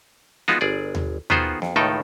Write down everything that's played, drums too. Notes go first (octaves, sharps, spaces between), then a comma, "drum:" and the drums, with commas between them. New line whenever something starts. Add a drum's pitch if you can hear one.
G#3 B3 D#4 F4 F#4, drum: snare
G1 G#4 D5
drum: tom D#2
D#3 B3 F4 F#4 G#4 C5, drum: tom D#2
F2, drum: snare
C#2 A2 D#3 D#4 A4 G5